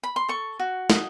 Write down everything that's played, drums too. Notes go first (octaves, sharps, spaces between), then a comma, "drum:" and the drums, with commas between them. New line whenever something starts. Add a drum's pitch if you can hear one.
B5
C6
A4 C#6
F#4
D#5, drum: snare